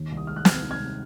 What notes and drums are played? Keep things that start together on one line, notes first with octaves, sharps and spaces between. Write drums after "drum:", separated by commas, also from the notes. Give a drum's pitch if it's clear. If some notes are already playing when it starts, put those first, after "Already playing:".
Already playing: D#2 D#3
C2
D#6
G#3 F6
F#6
C3 F6 G#6, drum: snare
D#3
F6 G#6
C2